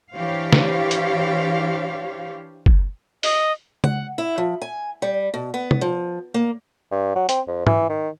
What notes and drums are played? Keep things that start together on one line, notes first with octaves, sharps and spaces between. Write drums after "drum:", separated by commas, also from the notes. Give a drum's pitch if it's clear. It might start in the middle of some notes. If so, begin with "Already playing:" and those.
E3 D4 G4 C5 C#5 F5
drum: snare
drum: hi-hat
drum: kick F#1
D#5, drum: open hi-hat
F#5, drum: tom
E4
F3
G#5
G3
B2
B3
drum: tom
F3
A#3
G2
F#3
C4, drum: hi-hat
F2
E3, drum: tom
D#3